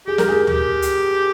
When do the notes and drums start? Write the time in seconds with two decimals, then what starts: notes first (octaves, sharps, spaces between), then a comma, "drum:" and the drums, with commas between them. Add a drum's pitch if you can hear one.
0.07 G4 G#4
0.18 A#4, drum: snare
0.28 G#4
0.47 G4, drum: tom
0.82 drum: hi-hat